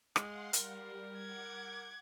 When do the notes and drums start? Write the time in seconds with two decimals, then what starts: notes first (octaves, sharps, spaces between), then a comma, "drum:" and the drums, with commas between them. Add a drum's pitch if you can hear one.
0.16 G#3 F5 F#5 C6, drum: rim click
0.53 G3 A#4, drum: hi-hat
1.18 F#5 D6 G#6